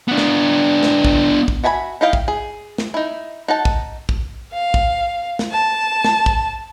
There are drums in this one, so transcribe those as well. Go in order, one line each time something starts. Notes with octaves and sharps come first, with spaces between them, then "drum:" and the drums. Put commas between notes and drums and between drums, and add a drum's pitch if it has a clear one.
B3 D4
drum: snare
drum: snare
drum: kick
drum: kick
F#4 E5 G#5 A5 B5
D#4 E4 D#5 F5 G5
drum: kick
G#4
drum: snare
D#4 E4
D#4 F#5 A5
drum: kick
drum: kick
F5
drum: kick
drum: snare
A5
drum: snare
drum: kick